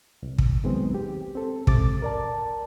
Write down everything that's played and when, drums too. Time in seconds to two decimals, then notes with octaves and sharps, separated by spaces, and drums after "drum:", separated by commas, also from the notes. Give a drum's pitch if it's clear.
0.23 C2
0.38 drum: kick
0.64 D#3 F#3 G#3 B3 C4
0.95 G4
1.35 C4 A4
1.67 G#2 C3 D6 A6, drum: kick
2.02 A#4 D5 A5